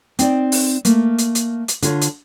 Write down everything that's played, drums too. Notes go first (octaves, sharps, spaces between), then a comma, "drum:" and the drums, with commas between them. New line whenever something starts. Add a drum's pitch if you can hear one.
C4 D#4 D5, drum: hi-hat
drum: open hi-hat
A3 A#3, drum: hi-hat
drum: hi-hat
drum: hi-hat
drum: hi-hat
D3 F4 C#5, drum: hi-hat
drum: hi-hat